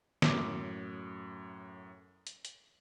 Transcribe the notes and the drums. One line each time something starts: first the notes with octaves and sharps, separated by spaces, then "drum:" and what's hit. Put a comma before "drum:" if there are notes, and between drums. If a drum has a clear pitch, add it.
F#2 A2 D6, drum: snare
drum: hi-hat
drum: hi-hat